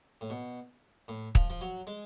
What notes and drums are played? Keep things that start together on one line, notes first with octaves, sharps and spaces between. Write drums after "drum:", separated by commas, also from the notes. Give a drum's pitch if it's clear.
A2
B2
A2
F3, drum: kick
F3
F#3
G#3